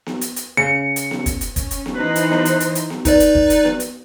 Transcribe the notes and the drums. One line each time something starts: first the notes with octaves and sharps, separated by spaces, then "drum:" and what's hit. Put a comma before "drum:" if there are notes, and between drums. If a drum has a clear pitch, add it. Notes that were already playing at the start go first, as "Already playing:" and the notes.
drum: snare B3
drum: hi-hat
drum: hi-hat
C#3 C#7
drum: hi-hat
drum: snare B3
drum: kick, hi-hat
drum: hi-hat
C#4, drum: kick, hi-hat
drum: hi-hat
drum: snare B3
E3 D#4 B4 C5
drum: hi-hat
drum: snare B3
drum: hi-hat
drum: hi-hat
drum: hi-hat
drum: snare B3
D#4 B4 D5, drum: kick, hi-hat
drum: hi-hat
drum: kick
drum: hi-hat
drum: snare B3
drum: hi-hat